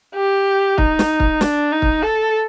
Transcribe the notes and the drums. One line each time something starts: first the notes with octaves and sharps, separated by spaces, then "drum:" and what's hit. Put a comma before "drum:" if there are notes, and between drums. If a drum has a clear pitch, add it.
G4
D#4, drum: kick
drum: snare
drum: kick
D4, drum: snare
D#4
drum: kick
A4